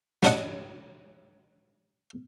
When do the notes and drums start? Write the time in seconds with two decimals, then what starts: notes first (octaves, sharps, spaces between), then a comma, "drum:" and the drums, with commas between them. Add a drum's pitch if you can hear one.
0.23 F#3 C#4 D4 D#5 F#5, drum: snare